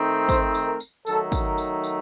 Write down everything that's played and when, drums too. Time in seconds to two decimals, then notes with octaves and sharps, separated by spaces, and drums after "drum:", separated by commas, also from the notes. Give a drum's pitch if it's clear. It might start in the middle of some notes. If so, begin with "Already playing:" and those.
Already playing: D#3 A3 C4 D#4
0.29 C5, drum: kick, tambourine
0.54 drum: tambourine
0.68 A#4
0.80 drum: tambourine
1.06 D#3 F#3 A3 D#4 A4, drum: tambourine
1.32 drum: kick, tambourine
1.45 A#4
1.58 drum: tambourine
1.84 drum: tambourine